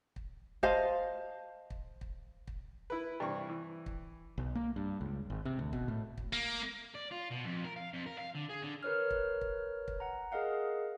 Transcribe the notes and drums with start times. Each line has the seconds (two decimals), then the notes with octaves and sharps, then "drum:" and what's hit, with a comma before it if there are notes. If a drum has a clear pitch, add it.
0.16 drum: kick
0.63 C5 D#5 F5 A5, drum: kick
1.70 drum: kick
2.01 drum: kick
2.48 drum: kick
2.90 E4 B4
3.20 G2 C3 E3 C#6
3.50 E3
3.86 drum: kick
4.38 B1
4.55 A#3
4.76 G2
5.01 C#2
5.30 G#1
5.45 C3
5.59 D2
5.73 B2, drum: kick
5.88 A2
6.18 drum: kick
6.33 A#3
6.95 D5
7.12 F4
7.31 B2
7.45 F2
7.65 A#4
7.76 F5
7.94 F2
8.06 A#4
8.18 F5
8.35 D3
8.50 G#4
8.62 D3
8.83 A#4 B4 C#5 F6
9.11 drum: kick
9.41 drum: kick
9.88 drum: kick
10.00 F#5 A#5
10.32 G#4 A#4 D#5 F5 F#5